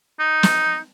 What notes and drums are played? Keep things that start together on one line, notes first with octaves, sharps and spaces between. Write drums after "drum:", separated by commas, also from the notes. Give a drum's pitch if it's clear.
D#4
drum: snare